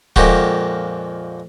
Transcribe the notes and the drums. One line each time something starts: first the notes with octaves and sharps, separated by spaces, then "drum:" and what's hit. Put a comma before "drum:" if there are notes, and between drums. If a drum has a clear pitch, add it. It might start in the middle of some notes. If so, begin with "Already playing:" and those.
F2 A#2 G#3 F#4 G4, drum: kick